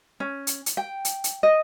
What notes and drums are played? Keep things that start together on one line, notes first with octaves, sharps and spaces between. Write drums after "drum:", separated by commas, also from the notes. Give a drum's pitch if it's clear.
C#4
drum: hi-hat
drum: hi-hat
G5
drum: hi-hat
drum: hi-hat
D#5